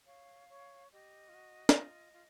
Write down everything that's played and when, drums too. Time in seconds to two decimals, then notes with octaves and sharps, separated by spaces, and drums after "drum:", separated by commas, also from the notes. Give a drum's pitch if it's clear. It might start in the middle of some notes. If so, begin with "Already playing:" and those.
0.06 C#5 F5
0.49 C#5
0.92 G4 D#5
1.29 F4
1.34 F#4
1.69 F#4, drum: snare
1.78 F4
2.13 F4